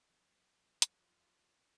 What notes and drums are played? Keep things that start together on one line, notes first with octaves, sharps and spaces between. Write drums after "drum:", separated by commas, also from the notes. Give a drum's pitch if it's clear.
F2 F#3 F#5
drum: hi-hat
F4